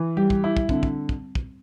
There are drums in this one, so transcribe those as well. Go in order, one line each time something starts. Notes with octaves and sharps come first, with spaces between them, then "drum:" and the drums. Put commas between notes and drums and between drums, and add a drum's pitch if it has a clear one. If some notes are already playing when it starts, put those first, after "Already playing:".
Already playing: E3
G3 G4
drum: kick
E4
drum: kick
D3 C4, drum: kick
drum: kick
drum: kick
drum: kick